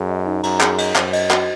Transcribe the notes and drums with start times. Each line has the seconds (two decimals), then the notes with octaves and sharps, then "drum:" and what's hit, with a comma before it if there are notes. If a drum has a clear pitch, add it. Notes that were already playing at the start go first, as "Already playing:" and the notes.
Already playing: F#2 G#4
0.09 D#5
0.26 D#4
0.43 F#2 A#5, drum: cymbal
0.61 G#4, drum: clap
0.78 D#5, drum: cymbal
0.96 F#2 C5, drum: clap
1.13 D#5, drum: cymbal
1.31 F#4, drum: clap